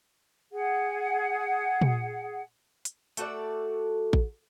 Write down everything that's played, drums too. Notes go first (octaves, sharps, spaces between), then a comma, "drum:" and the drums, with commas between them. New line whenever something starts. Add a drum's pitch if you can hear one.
G#4 F#5
drum: tom A#2
drum: hi-hat
A3 F#4 A4 D5, drum: hi-hat
drum: kick A1